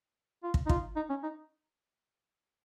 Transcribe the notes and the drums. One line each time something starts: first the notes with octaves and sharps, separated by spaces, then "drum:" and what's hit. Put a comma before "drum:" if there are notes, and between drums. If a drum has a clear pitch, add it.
F4
drum: kick
D#4
F4, drum: kick
D#4
C#4
D#4